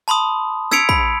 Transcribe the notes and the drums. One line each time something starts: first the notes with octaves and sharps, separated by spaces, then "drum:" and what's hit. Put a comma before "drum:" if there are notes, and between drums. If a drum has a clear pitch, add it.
A5 B5 C6 D#6
E6 G#6 B6 C#7 D7 F7, drum: snare
B5, drum: kick